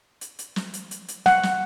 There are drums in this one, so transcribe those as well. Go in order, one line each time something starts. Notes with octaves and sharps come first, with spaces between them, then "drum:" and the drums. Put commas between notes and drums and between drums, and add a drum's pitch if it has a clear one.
drum: hi-hat
drum: hi-hat
drum: snare
drum: hi-hat
drum: hi-hat
drum: hi-hat
F#5, drum: snare
drum: snare